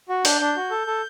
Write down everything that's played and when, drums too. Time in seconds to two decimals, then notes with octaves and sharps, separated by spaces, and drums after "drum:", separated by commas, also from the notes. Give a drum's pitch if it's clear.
0.09 F#4
0.25 D4 G6, drum: open hi-hat
0.41 D4
0.56 F#4
0.71 A4
0.87 A4